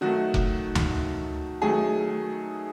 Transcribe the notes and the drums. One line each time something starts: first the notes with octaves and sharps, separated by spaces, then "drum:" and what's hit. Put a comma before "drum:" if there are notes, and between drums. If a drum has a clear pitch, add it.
D#3 F#3 A3 F#4
drum: kick F1
drum: tom D2
D#3 F#3 A3 G#4